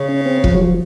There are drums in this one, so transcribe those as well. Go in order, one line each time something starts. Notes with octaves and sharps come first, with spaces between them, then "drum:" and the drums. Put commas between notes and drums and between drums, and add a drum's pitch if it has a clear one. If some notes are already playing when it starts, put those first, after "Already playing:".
Already playing: C#3
C#4
C4
F3, drum: kick
F#3
F3